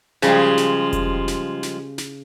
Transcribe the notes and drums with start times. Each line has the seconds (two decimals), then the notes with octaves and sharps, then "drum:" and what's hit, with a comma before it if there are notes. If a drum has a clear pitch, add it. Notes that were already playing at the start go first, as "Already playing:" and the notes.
0.22 C#3 F3 G3 G#3, drum: snare
0.57 drum: snare
0.93 drum: kick F1, hi-hat
1.28 drum: snare
1.63 drum: snare
1.98 drum: snare